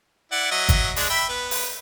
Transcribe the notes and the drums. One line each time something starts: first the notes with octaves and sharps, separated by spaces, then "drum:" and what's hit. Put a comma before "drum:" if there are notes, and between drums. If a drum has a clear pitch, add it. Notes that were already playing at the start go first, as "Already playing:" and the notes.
E4 D5 F#5
F#3 D#5 E5
drum: kick, hi-hat
G#3 D4, drum: open hi-hat
E5 G5 B5
B3
drum: open hi-hat